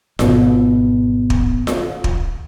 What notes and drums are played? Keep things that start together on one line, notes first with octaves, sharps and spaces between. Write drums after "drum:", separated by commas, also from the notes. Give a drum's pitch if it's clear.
G#1 B2, drum: snare F4
drum: kick
drum: snare F4
drum: kick